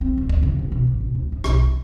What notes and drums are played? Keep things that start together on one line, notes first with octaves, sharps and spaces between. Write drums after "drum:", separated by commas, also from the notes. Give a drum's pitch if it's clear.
C4
E2
G3, drum: kick D2
C#3
B3
B2
A1
B1
D2
G#2
B1, drum: rim click
D3